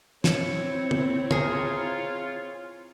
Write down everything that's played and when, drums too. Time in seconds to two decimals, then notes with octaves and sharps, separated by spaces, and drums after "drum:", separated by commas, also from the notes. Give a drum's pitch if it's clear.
0.24 C4 E4 C#5, drum: snare
0.91 drum: tom
1.31 F4 G#4 A#4, drum: tom